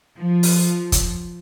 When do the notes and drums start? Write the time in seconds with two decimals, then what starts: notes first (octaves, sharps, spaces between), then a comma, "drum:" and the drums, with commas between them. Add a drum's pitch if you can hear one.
0.18 F3
0.43 drum: open hi-hat
0.92 drum: kick, hi-hat